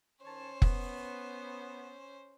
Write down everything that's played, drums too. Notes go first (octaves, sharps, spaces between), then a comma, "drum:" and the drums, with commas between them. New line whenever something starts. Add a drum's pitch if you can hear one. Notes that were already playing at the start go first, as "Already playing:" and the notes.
D#3 C#4 C5 C#5 A5
B3, drum: kick F1